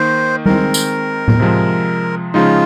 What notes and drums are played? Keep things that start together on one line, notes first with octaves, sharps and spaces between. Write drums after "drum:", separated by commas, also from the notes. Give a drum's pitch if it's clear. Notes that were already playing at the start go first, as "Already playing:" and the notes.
Already playing: D#3 A#3 D#4 C5
D#3 G#3 C4 A#4, drum: tom G3
drum: tambourine
drum: tom A2
C3 F3 G#3
C#3 F3 G#3 D#4 F4